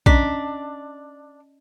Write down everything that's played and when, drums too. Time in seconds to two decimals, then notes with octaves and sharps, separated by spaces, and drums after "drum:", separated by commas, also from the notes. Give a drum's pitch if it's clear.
0.06 C#4 D4 D#5 A#5 B6, drum: kick A#1